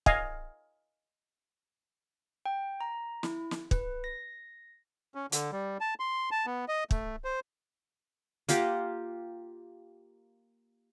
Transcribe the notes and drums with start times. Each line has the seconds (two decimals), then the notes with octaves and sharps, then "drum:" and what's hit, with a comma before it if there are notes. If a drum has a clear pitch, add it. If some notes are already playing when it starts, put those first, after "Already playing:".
0.06 D#5 F5 G#5, drum: kick
2.46 G5
2.81 A#5
3.23 E4, drum: snare
3.51 drum: snare
3.71 B4, drum: kick
4.04 A#6
5.15 C#4
5.32 D3, drum: hi-hat
5.52 G3
5.81 A5
6.00 C6
6.31 A5
6.46 B3
6.68 D#5
6.91 A3, drum: kick
7.25 C5
8.49 A#3 F4 G4 F#5, drum: hi-hat